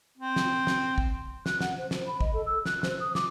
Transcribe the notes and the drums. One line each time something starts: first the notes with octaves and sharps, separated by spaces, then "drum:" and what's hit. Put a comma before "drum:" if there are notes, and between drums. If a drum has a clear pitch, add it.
C4
drum: snare
drum: snare
drum: kick
F#6, drum: snare
F#5, drum: snare
C5
C5, drum: snare
B5
D#5, drum: kick
A4
E6
F#6, drum: snare
C5, drum: snare
D#6
D6, drum: snare